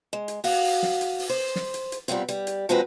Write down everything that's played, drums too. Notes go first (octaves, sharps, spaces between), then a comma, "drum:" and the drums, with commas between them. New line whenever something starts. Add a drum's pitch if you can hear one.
G#3
drum: hi-hat
F#4 F5, drum: open hi-hat
drum: open hi-hat
drum: snare
drum: hi-hat
drum: open hi-hat
C5
drum: snare
drum: hi-hat
drum: hi-hat
A#2 G3 B3 C4, drum: hi-hat
G3, drum: hi-hat
drum: hi-hat
F3 G#3 C4 D#4 F#4 B4